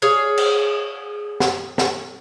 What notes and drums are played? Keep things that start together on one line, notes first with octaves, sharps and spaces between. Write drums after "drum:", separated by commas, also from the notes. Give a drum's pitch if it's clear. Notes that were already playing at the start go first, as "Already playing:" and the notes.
G#4 C#5 F5
drum: cymbal
drum: snare
drum: snare